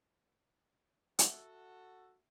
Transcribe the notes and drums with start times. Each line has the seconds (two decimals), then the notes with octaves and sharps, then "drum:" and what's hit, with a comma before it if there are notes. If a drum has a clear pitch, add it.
1.19 F#4 A4 E5 F#5, drum: hi-hat